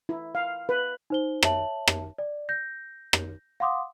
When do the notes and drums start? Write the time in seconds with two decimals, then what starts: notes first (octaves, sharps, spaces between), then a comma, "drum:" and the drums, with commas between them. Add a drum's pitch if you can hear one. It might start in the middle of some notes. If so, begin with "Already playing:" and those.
0.09 E4
0.35 F5
0.69 B4
1.10 D#4 C5 G7
1.43 C#5 E5 A5 F#7, drum: rim click
1.88 drum: rim click
2.19 D5
2.49 G6 A#6
3.13 drum: rim click
3.60 F5 F#5 C6 D6 D#6